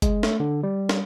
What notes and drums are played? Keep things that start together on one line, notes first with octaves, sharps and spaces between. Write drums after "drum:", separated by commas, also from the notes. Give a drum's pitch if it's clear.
G#3, drum: kick F#1, hi-hat
A3, drum: snare
D3
G3
drum: snare